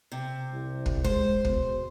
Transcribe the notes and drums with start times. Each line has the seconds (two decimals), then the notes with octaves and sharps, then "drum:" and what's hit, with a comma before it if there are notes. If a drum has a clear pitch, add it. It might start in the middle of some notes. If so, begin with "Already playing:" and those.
0.12 C3
0.52 C2
0.86 drum: kick
1.04 G#3 C5, drum: kick
1.45 B2, drum: kick